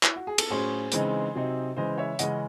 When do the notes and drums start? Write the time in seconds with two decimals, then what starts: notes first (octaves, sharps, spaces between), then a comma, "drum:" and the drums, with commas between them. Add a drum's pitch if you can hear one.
0.03 E4, drum: clap
0.16 F#4
0.27 G#4
0.38 A4, drum: cymbal
0.49 A2 F#3 C#4 G#4 C5
0.92 C#3 E3 G#3 C4 D#4, drum: hi-hat
1.35 C3 F#3 C4 D#4
1.76 C#3 E3 G#3 C5 D#5
1.98 C#5 E5
2.19 C#3 E3 G#3 C#4 D#5 F#5, drum: hi-hat